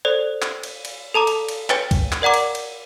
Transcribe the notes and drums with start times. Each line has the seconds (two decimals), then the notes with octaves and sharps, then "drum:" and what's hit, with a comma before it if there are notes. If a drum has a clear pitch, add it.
0.05 A4 C5 D5
0.42 drum: clap
0.63 drum: cymbal
0.85 drum: cymbal
1.14 A4 A5 A#5 D6
1.27 drum: cymbal
1.49 drum: cymbal
1.70 B4 C#5 G5 G#5 A6, drum: clap
1.91 drum: kick, cymbal
2.12 drum: clap
2.22 A#4 D5 F#5 A#5 D6
2.34 drum: cymbal
2.55 drum: cymbal